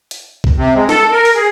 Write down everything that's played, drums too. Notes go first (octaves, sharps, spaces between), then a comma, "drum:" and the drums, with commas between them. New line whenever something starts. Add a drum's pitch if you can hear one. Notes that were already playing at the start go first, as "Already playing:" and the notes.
drum: hi-hat
drum: kick B1
C3
G#3
A4, drum: snare
A#4
drum: open hi-hat
G#4